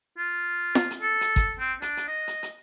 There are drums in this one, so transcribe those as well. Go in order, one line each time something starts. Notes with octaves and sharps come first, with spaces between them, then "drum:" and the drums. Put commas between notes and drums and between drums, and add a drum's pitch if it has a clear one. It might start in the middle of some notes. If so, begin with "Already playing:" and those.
F4
drum: snare F4
drum: hi-hat
A4
drum: hi-hat
drum: kick, hi-hat
C4
D4, drum: hi-hat
drum: hi-hat
D#5
drum: hi-hat
drum: hi-hat